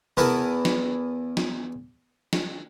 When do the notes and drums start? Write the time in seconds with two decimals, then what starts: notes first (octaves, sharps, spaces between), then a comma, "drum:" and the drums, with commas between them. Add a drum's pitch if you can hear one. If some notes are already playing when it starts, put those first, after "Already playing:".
0.17 E2 E3 B3 A#4 B4 A5, drum: tom C3
0.65 drum: snare
1.37 drum: snare
2.33 drum: snare